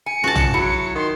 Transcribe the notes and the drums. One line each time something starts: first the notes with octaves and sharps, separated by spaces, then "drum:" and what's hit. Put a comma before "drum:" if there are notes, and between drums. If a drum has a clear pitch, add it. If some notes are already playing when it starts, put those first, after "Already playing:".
G#5 C#7
C#2 F#4 A5
drum: tom
F#3 E4
D#3 C6